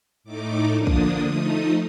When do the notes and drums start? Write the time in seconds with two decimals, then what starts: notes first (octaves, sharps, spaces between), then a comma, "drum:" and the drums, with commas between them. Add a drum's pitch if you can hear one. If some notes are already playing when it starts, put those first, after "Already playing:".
0.24 A2 A3 D#4 D6
0.74 D3 F3 A#3 D4 D#6
0.87 drum: kick
1.23 F3 A3 D#4 D#6